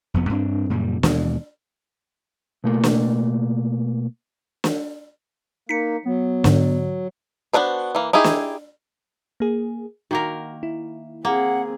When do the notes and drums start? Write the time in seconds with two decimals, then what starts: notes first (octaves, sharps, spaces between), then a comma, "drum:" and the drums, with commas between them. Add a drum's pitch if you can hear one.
0.14 F1 F2 B3
0.29 G2 C4 D4
0.70 F#2 A#2 C#3 G3
1.03 D#2 B2 E3 G#3, drum: snare
2.64 B2 A3 A#3
2.84 drum: snare
4.64 drum: snare
5.69 A#3 D#4 B6 C#7
6.05 F#3 B3
6.44 G#2 D3, drum: snare
7.53 B3 D4 F#4 A4 C5
7.95 E3 A#3
8.13 D#4 E4 G4 G#4
8.24 drum: snare
9.40 A#3 G#4
10.11 D#3 A#3 F#4 A#4
10.63 E4
11.25 A#3 C4 G#4 F#5